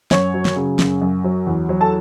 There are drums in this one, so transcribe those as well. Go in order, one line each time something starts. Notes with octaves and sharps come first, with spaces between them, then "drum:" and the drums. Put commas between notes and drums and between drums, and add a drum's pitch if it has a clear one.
F#2 C#5 C#6, drum: snare
F#3
drum: snare
C#3
F#2, drum: snare
F#2
F#3
E2
F#3
A4 A5